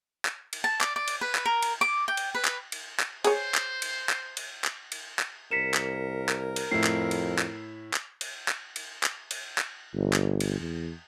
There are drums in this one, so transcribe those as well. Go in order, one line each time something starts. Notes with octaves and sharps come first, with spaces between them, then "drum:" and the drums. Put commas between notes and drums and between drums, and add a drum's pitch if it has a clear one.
drum: clap
drum: cymbal
A5
D5, drum: clap
D5
drum: cymbal
B4
drum: clap
A#4
drum: cymbal
D6
G5
drum: cymbal
B4
drum: clap
drum: cymbal
drum: clap
G#4 C5 C#5, drum: cymbal
drum: clap
drum: cymbal
drum: clap
drum: cymbal
drum: clap
drum: cymbal
drum: clap
C2 A#4 B6 C#7 E7
drum: clap
drum: clap
drum: cymbal
F2 A2 E4 C7
drum: clap
drum: cymbal
drum: clap
drum: clap
drum: cymbal
drum: clap
drum: cymbal
drum: clap
drum: cymbal
drum: clap
G1
drum: clap
drum: cymbal
E2